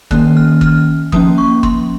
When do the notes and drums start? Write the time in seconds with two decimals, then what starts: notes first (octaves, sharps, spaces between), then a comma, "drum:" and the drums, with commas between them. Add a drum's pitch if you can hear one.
0.11 D#3 A#3 C#4 F#6, drum: kick
0.37 F6
0.61 F6, drum: kick
1.12 F3 A#3 C#4 D#6, drum: kick
1.38 C#6
1.63 C6, drum: kick